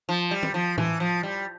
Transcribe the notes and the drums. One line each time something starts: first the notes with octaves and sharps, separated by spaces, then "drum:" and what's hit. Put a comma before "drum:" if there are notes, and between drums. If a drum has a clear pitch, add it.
F3
G3
drum: tom D#3
F3
E3, drum: tom A2
F3
G3